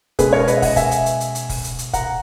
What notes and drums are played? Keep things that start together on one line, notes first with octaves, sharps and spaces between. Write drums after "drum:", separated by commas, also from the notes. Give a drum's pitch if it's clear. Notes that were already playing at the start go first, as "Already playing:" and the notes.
B2 G#3 C#4 G#4 B4, drum: kick, hi-hat
A#4 C#5
B4 D#5, drum: hi-hat
E5
D#5 F#5, drum: kick, open hi-hat
E5 G#5, drum: kick, hi-hat
drum: hi-hat
drum: hi-hat
drum: hi-hat
drum: hi-hat
drum: kick, open hi-hat
drum: hi-hat
drum: hi-hat
F#5 A#5, drum: kick, hi-hat